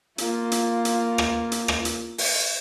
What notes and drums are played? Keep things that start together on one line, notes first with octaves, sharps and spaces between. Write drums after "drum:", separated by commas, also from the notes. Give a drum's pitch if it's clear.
A#3 F4, drum: hi-hat
drum: hi-hat
drum: hi-hat
drum: rim click
drum: hi-hat
drum: rim click
drum: hi-hat
drum: open hi-hat